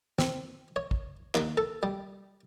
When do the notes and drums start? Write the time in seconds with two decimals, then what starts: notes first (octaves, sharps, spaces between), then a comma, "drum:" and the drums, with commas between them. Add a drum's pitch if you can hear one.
0.19 C4, drum: snare
0.76 C#5
0.91 drum: kick
1.35 D#2, drum: clap
1.57 A4
1.83 G3